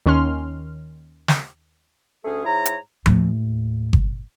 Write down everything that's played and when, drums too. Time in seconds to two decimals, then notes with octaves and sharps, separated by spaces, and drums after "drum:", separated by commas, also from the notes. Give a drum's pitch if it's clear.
0.06 D#2 D#3 C#4 C6 F6
1.28 drum: snare
2.25 D2 A3 C#4 G#4
2.45 G#2 E4 C#5 A#5
2.65 drum: hi-hat
3.06 D#2 A2, drum: tom F3
3.93 drum: kick G1